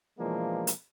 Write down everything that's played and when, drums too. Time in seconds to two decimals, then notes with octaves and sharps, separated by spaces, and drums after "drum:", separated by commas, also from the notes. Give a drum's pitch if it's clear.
0.19 B2 E3 F3 G#3 A#3 D4
0.67 drum: hi-hat